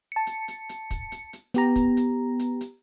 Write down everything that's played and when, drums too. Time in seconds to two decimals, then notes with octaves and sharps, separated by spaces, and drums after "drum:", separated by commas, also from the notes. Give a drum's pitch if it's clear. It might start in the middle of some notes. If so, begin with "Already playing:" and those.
0.12 A5 C#7
0.27 drum: hi-hat
0.48 drum: hi-hat
0.69 drum: hi-hat
0.91 drum: kick, hi-hat
1.12 drum: hi-hat
1.33 drum: hi-hat
1.54 B3 G4 A#5, drum: hi-hat
1.76 drum: kick, hi-hat
1.97 drum: hi-hat
2.39 drum: hi-hat
2.61 drum: hi-hat